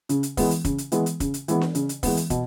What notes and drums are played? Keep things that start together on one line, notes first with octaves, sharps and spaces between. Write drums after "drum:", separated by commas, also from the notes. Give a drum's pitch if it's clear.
C#3, drum: hi-hat
drum: hi-hat
E3 G#3 B3, drum: kick, open hi-hat
drum: hi-hat
C#3, drum: kick, hi-hat
drum: hi-hat
E3 G#3 B3, drum: hi-hat
drum: hi-hat
C#3, drum: kick, hi-hat
drum: hi-hat
E3 G#3 B3, drum: hi-hat
drum: snare D4
C#3, drum: hi-hat
drum: hi-hat
E3 G#3 B3, drum: kick, open hi-hat
drum: hi-hat
B2, drum: kick, hi-hat